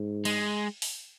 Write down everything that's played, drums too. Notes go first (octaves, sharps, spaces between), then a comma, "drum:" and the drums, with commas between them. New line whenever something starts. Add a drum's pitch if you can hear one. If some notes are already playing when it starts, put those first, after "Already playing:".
Already playing: G#2
G#3, drum: cymbal
drum: open hi-hat